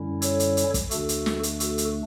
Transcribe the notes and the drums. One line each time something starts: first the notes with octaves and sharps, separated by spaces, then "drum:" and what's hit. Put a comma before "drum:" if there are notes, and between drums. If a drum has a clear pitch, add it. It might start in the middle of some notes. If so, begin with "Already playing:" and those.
Already playing: F#2 D3 G3 C#4 E4
A4 C#5, drum: hi-hat
drum: hi-hat
drum: hi-hat
drum: kick, hi-hat
D2 D3 A3 D4 F#4 A4, drum: hi-hat
drum: hi-hat
drum: snare
drum: hi-hat
F#4 A4, drum: hi-hat
drum: hi-hat